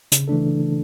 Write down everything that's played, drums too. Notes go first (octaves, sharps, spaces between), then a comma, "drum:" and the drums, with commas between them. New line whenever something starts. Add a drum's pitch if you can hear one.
C#3, drum: hi-hat
E3 A3 D4 A4